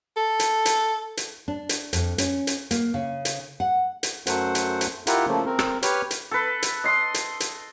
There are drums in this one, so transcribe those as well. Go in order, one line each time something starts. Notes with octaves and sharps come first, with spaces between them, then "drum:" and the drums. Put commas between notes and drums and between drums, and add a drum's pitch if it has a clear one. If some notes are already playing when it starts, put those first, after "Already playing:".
A4
drum: hi-hat
drum: hi-hat
drum: hi-hat
D4
drum: hi-hat
F2, drum: hi-hat
C#4, drum: hi-hat
drum: hi-hat
A#3, drum: hi-hat
C#3
drum: hi-hat
F#5
drum: hi-hat
F#2 F#3 A3 C5 F#5, drum: hi-hat
drum: hi-hat
drum: hi-hat
E4 F4 G4 A#4 F#5, drum: hi-hat
C#3 F3 A3 A#3
C4 A#4
drum: rim click
G4 B4 C#5 F6, drum: hi-hat
drum: hi-hat
A4 B4
drum: hi-hat
D#5 C6
drum: hi-hat
drum: hi-hat